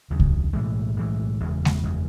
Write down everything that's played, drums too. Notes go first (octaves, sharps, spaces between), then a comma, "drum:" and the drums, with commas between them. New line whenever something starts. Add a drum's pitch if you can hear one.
D#2 C#3 F#3
drum: kick C2
B1 A2 E3 G#3
B1 A2 E3 G#3
F#1 E2 C#3 G#3
drum: snare G#3
F#1 E2 C#3 G#3